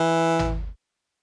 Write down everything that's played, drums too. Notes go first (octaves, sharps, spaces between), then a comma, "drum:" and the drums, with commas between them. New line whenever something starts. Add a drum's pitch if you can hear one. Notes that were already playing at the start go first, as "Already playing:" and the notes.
Already playing: E3
drum: tom G#1